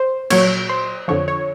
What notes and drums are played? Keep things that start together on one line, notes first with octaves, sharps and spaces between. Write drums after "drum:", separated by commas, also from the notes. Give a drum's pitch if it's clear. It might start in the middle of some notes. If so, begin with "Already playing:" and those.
Already playing: C5
A#2 F#3 C#5, drum: cymbal
C5
F2 D3 F3 C#5
C#5